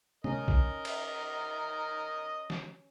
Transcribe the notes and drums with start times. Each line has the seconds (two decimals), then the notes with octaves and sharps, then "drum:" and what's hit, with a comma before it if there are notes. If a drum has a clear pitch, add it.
0.24 C#4 A#4 D#5, drum: tom C3
0.48 drum: kick A#1
0.85 drum: cymbal
2.50 drum: snare